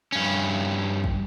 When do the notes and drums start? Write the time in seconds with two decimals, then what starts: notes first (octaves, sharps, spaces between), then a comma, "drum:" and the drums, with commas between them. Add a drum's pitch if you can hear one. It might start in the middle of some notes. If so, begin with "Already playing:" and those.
0.12 G2 C#4
1.04 drum: kick